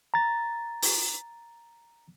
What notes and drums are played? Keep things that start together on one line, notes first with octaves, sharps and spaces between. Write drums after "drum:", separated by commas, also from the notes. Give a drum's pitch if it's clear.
A#5 A6
drum: open hi-hat